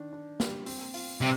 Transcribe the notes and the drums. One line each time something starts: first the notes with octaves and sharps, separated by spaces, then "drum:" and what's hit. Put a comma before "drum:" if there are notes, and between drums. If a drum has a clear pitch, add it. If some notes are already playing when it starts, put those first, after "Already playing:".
Already playing: D#3 D4
D4
G3, drum: snare
C4, drum: open hi-hat
F4, drum: open hi-hat
C3 G3